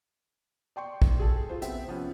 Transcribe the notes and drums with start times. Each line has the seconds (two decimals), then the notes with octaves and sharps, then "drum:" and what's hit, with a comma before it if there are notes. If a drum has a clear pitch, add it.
0.76 D5 G5 C6 C#6
1.02 drum: kick
1.20 G#4 A4
1.49 F4 C5
1.62 B3 C4 E5 G5, drum: hi-hat
1.88 C3 F3 B3 C#4